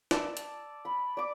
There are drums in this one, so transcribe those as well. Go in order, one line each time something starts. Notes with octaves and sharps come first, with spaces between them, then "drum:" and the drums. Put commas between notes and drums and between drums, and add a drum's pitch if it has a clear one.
D5 A5 E6, drum: snare
drum: hi-hat
B5
D5 D6